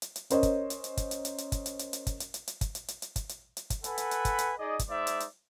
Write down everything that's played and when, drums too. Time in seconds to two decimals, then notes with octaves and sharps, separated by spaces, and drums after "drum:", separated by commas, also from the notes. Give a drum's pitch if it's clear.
0.02 drum: hi-hat
0.16 drum: hi-hat
0.30 C#4 A#4 C5 C#5 D#5, drum: hi-hat
0.43 drum: kick, hi-hat
0.70 drum: hi-hat
0.84 drum: hi-hat
0.97 drum: kick, hi-hat
1.11 drum: hi-hat
1.25 drum: hi-hat
1.38 drum: hi-hat
1.52 drum: kick, hi-hat
1.66 drum: hi-hat
1.79 drum: hi-hat
1.93 drum: hi-hat
2.07 drum: kick, hi-hat
2.20 drum: hi-hat
2.34 drum: hi-hat
2.47 drum: hi-hat
2.61 drum: kick, hi-hat
2.75 drum: hi-hat
2.88 drum: hi-hat
3.02 drum: hi-hat
3.16 drum: kick, hi-hat
3.29 drum: hi-hat
3.57 drum: hi-hat
3.70 drum: kick, hi-hat
3.84 A4 B4 F#5 G#5 B5, drum: hi-hat
3.98 drum: hi-hat
4.11 drum: hi-hat
4.25 drum: kick, hi-hat
4.39 drum: hi-hat
4.58 D#4 G#4 D5 D#5
4.79 drum: kick, hi-hat
4.89 G#3 D#4 C5 D5 E5
5.07 drum: hi-hat
5.20 drum: hi-hat